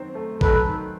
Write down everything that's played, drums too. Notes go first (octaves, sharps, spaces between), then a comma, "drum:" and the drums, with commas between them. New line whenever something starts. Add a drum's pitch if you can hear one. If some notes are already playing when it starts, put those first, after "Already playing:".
Already playing: D#3 F#3 C4
A3
F#3 A4 B4, drum: kick G#1
D#3